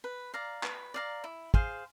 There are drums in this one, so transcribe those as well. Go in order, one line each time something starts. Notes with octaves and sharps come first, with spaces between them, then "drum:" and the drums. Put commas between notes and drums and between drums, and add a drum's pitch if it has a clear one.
B4
D5 F5 A#5
B4, drum: clap
D5 F5 A#5
E4
G#4 C5 F5, drum: kick